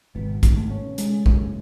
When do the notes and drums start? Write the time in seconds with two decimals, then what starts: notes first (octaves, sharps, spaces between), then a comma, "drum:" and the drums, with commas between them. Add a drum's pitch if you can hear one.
0.15 G#1 B2
0.43 G#1, drum: kick, hi-hat
0.57 A3
0.70 C#4
0.98 C#3 G#3, drum: hi-hat
1.26 F#1, drum: kick